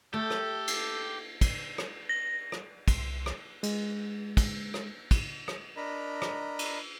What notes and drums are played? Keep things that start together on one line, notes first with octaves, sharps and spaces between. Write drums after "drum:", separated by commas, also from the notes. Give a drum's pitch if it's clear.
A3 G4 A4
drum: rim click
drum: cymbal
drum: kick, cymbal
drum: rim click
A#6
drum: rim click
C2, drum: kick, cymbal
drum: rim click
G#3, drum: cymbal
drum: kick, cymbal
drum: rim click
drum: kick, cymbal
drum: rim click
D4 A#4 D#5 A#5 B5
drum: rim click
drum: cymbal